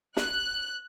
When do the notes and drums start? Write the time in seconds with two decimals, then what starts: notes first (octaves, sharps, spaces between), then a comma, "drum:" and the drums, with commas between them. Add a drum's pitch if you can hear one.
0.17 F#6, drum: snare